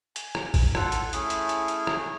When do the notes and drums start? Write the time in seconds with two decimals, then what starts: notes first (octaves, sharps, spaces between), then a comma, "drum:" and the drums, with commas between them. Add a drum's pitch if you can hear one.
0.16 G#5, drum: hi-hat
0.35 drum: rim click
0.54 drum: kick, open hi-hat
0.75 F4 A4 F#5, drum: rim click
0.92 drum: hi-hat
1.13 A3 C#4 E4 G#4, drum: hi-hat
1.30 drum: hi-hat
1.49 drum: hi-hat
1.68 drum: hi-hat
1.87 drum: rim click